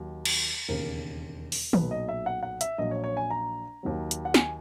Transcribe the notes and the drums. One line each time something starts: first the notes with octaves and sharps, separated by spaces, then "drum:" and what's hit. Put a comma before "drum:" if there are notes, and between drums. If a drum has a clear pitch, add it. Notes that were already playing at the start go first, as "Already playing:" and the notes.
Already playing: D#2 D#3 F#3
drum: cymbal
E1 D#2 C#3 A#4
drum: open hi-hat
B1 A#2 F#3 B4, drum: tom
D#5
E5
F#5
F#5
E5, drum: hi-hat
A#1 A#2 F#3 D#5
C#5
C#5
G#5
A#5
D#2 D#3 F#3
drum: hi-hat
F#5
G#5, drum: snare